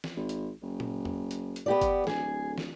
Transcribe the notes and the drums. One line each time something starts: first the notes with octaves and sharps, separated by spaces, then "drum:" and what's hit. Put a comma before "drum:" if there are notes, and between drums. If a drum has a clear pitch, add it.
drum: snare
G#1
drum: hi-hat
F#1
drum: tom A#2
drum: tom E2
drum: hi-hat
drum: hi-hat
B3 G4 D5
drum: kick G1, hi-hat
D1 G#4, drum: snare
drum: snare